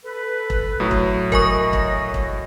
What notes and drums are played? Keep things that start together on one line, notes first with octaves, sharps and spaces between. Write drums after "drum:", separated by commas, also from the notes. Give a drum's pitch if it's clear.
A4 B4
drum: kick E1
A2 F#3
drum: kick E1
A#4 D#5 G#5 C#6, drum: kick E1
drum: kick E1
drum: kick E1